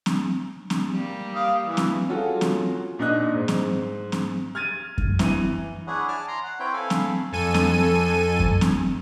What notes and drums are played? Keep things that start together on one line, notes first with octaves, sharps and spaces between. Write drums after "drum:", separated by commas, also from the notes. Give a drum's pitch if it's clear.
drum: snare C4
drum: snare C4
G3 A#3
F5 D#6
E3
drum: snare C4
C#4 F4 F#4 G#4 A4
drum: snare C4
A#2 D4 D#4 D#6 F#6
G#2
drum: snare C4
drum: snare C4
F6 G#6 A6 D#7
drum: kick F#2
E3 D#7, drum: snare C4
D4 E4 G#4 C#5 F#5
G#5 A5 D6 F6
A#5 C6
F#5
C4 E4 B4 C#5 G5
A4 F5 G#5 B5
drum: snare C4
F2 A4 G#5 D#7
drum: snare C4
drum: kick F#2
drum: snare C4